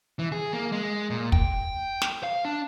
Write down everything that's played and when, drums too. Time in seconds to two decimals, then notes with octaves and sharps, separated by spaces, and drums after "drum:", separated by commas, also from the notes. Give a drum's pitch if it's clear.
0.19 E3
0.32 G#4
0.53 A#3
0.72 G#3
1.10 A#2
1.32 G5, drum: kick
2.02 drum: snare
2.23 F5
2.45 D4